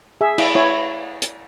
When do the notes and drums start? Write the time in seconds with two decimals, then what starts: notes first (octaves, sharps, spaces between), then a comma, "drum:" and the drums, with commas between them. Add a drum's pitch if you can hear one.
0.21 G#4 E5
0.38 E4, drum: cymbal
0.55 E4 C#5
1.22 drum: hi-hat